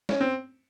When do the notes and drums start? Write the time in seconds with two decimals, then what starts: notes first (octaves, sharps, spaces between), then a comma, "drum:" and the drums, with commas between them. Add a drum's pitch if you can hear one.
0.09 C#4, drum: snare
0.20 C4